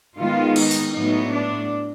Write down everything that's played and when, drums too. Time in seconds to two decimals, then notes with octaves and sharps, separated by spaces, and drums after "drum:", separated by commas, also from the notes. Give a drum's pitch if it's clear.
0.18 D#3 G#3 B3 F4
0.56 D#4, drum: cymbal
0.71 drum: open hi-hat
0.93 A2 F#3 B3 D#4
1.30 D4